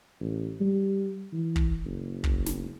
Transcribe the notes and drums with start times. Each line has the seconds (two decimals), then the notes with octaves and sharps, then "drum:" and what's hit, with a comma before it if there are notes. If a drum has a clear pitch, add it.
0.21 A1
0.61 G3
1.33 E3
1.56 drum: kick
1.85 F#1
2.24 drum: kick
2.46 drum: snare